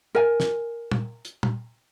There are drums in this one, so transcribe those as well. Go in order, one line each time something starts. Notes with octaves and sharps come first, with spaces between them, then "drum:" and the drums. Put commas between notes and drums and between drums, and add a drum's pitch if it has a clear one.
A#4 G#5
drum: snare
drum: tom
drum: hi-hat
drum: tom